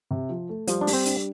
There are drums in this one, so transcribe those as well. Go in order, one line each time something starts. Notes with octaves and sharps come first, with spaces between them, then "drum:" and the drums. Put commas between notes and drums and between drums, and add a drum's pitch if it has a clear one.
C3
F3
A3
F3 G3, drum: hi-hat
D4
G3, drum: open hi-hat
C4
D4, drum: hi-hat